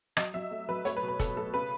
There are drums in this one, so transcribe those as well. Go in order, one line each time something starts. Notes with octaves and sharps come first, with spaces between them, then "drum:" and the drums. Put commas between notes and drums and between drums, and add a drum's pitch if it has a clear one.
F#3 D#5, drum: rim click
F#3 E5
A3
F#3 B4
A3 C#5, drum: hi-hat
B4
B2
B4
B2 A4, drum: kick F1, hi-hat
A3 A4
C#3 B4